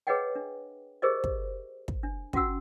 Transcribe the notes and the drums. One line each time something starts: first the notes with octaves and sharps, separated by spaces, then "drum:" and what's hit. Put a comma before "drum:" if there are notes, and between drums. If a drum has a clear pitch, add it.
G#4 B4 C#5 D#5 F#5 G5
D4
G4 G#4 A#4 C5 D5 D#5
drum: kick
drum: kick
D4
C#4 F4 F#4 F#5 E6, drum: kick